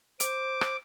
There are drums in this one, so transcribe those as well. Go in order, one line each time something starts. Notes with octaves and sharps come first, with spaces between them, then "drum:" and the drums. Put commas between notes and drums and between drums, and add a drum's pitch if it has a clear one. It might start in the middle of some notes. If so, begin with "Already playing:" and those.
C5 D6, drum: hi-hat
drum: rim click